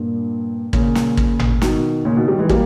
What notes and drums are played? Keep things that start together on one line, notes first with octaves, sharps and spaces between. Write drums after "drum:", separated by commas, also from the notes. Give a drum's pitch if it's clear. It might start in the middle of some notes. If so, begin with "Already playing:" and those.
Already playing: G2 A#2
A#2 C#3, drum: kick
drum: snare
drum: kick
drum: tom G#1
B2 D#3, drum: snare
A#2 C#3
B2 D#3
D#3 G3
E3 G#3
G3 A#3, drum: kick